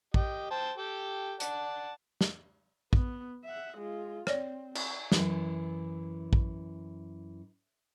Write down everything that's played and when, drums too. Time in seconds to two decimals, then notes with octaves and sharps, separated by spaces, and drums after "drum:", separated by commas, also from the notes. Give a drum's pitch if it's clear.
0.14 G4 D#5 G5, drum: kick
0.51 C5 G5 A5
0.78 G4 A4 G5
1.40 D5 F#5 A5, drum: hi-hat
2.21 drum: snare
2.93 B3, drum: kick
3.45 E5 F#5
3.77 G#3 F4
4.27 C4 C#5 D5, drum: rim click
4.75 drum: cymbal
5.12 F#2 E3, drum: snare
6.33 drum: kick